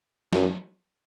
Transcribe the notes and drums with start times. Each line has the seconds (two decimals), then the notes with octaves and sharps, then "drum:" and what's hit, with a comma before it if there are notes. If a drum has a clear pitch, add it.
0.33 F#2, drum: snare